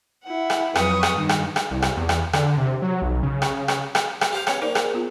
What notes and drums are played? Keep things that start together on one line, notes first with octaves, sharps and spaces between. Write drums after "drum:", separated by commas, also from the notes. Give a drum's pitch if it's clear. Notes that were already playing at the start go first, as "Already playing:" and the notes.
E4 F#5
drum: rim click
F2 F#3 B4 C#6 D#6, drum: rim click
drum: rim click
G2 D#3
drum: rim click
drum: rim click
C2
drum: rim click
E2
drum: rim click
D3, drum: rim click
C3
F#3
B1
C#3
drum: rim click
drum: rim click
drum: rim click
drum: rim click
G4 C5 F5
B3 C#4 C#5, drum: rim click
A#3 D#4 C5 D5
G#4, drum: rim click
B3 F4